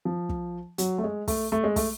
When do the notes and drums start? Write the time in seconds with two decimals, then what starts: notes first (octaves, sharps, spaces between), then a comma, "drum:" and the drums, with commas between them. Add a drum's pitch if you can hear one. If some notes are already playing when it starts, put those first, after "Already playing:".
0.05 F3
0.29 drum: kick
0.78 F#3, drum: hi-hat
0.98 A3
1.04 G#3
1.28 A3, drum: kick, open hi-hat
1.52 A3
1.64 G#3
1.76 A3, drum: kick, open hi-hat